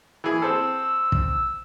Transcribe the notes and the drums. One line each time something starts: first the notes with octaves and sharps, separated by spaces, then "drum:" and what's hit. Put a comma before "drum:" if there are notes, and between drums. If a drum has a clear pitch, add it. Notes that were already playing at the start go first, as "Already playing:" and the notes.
E3 G#4
C4 A4 E6
drum: kick